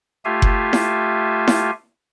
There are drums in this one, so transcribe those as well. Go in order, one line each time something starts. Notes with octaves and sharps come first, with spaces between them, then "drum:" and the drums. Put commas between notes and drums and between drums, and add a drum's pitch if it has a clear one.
A3 F4 G4 E5 F5 G#5
drum: kick F#1
drum: snare E4
drum: snare E4